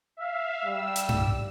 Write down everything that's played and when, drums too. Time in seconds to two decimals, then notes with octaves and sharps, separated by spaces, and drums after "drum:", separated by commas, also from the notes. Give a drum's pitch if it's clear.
0.17 E5 F5
0.65 G3 E6
0.96 drum: hi-hat
1.09 drum: tom G2